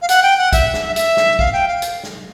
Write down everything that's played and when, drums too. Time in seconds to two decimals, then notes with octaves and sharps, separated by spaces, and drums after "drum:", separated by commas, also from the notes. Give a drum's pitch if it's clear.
0.02 F5
0.09 F#5, drum: hi-hat
0.23 G5
0.38 F#5
0.53 E5, drum: kick A#1, hi-hat
0.74 drum: snare
0.96 E5, drum: hi-hat
1.17 drum: snare
1.39 F5, drum: kick A#1
1.53 G5
1.68 F5
1.82 drum: hi-hat
2.04 drum: snare